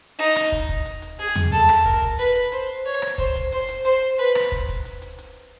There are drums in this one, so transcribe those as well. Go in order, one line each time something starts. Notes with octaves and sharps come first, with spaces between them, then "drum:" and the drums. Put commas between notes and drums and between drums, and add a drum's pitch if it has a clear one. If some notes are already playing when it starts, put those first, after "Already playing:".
D#4
drum: rim click
drum: kick, hi-hat
drum: kick, hi-hat
drum: hi-hat
drum: hi-hat
G#4, drum: hi-hat
drum: tom E2
A4
drum: rim click
A#4, drum: kick
drum: kick, hi-hat
B4, drum: hi-hat
drum: hi-hat
C5, drum: hi-hat
C#5
drum: rim click
C5, drum: kick, hi-hat
drum: kick, hi-hat
C5, drum: hi-hat
drum: hi-hat
C5, drum: hi-hat
B4
drum: rim click
drum: kick, hi-hat
drum: kick, hi-hat
drum: hi-hat
drum: hi-hat
drum: hi-hat